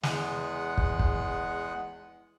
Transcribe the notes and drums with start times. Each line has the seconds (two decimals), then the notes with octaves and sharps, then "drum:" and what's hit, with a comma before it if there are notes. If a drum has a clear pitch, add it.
0.03 E2 G#3 F#5, drum: snare
0.78 drum: kick
0.99 drum: kick